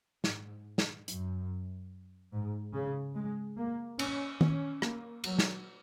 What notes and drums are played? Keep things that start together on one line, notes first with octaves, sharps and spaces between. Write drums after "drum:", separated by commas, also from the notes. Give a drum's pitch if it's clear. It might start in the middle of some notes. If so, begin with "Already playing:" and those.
G#2, drum: snare
drum: snare
F#2, drum: hi-hat
G#2
C#3
G#3
A#3
C#4, drum: cymbal
C#4, drum: tom D#3
A#3, drum: rim click
F#3, drum: cymbal
drum: snare